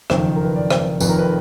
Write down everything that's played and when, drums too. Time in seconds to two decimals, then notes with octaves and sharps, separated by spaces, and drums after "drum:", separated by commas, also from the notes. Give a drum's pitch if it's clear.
0.10 F#1 F2 D#3, drum: rim click
0.36 A#4
0.45 B4
0.56 D5
0.70 drum: rim click
1.00 F1 F2 D#3 B4, drum: tambourine
1.09 A#4
1.19 B4